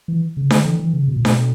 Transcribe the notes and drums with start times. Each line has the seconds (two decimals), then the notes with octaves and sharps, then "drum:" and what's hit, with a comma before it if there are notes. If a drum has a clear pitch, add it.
0.08 E3
0.37 C#3
0.50 D3, drum: snare D4
0.65 E3
0.79 E3
0.93 C#3
1.08 B2
1.16 A#2
1.25 B2, drum: snare D4